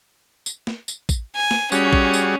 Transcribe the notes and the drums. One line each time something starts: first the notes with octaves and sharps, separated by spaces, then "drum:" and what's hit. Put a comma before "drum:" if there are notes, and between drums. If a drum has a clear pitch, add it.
drum: tambourine
drum: snare
drum: tambourine
drum: kick A1, tambourine
G#5
drum: snare
G3 C#4 F#4 G#4, drum: tambourine
drum: kick A1
drum: tambourine